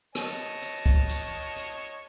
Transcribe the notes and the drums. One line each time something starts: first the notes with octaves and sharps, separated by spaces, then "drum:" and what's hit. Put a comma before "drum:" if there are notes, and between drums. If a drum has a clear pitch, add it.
C#5 D#5 A5, drum: rim click
drum: hi-hat
drum: kick
drum: hi-hat
drum: hi-hat